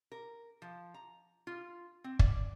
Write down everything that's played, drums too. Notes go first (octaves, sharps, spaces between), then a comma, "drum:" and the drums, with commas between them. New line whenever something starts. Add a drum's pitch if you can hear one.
A#4
F3
A#5
F4
C4
D5, drum: kick